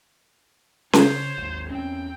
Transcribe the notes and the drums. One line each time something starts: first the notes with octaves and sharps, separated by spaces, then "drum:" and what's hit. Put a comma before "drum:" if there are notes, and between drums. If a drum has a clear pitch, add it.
C#3 C5 C#5, drum: snare C#4
G#1 D#2
E2 C4 C#4 G5